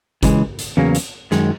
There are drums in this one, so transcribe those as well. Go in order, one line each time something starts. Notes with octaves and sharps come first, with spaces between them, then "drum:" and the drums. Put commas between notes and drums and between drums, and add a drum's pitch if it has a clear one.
C#3 E3 G#3, drum: kick G1, hi-hat
drum: hi-hat
E2 C#3 F#3 A#3
drum: hi-hat
F#2 D#3 G#3, drum: snare